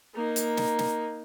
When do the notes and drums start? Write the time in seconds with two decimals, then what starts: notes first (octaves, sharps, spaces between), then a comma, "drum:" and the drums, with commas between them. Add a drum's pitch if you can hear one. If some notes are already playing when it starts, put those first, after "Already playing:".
0.15 A#3 D#4
0.36 drum: hi-hat
0.57 drum: snare
0.79 drum: snare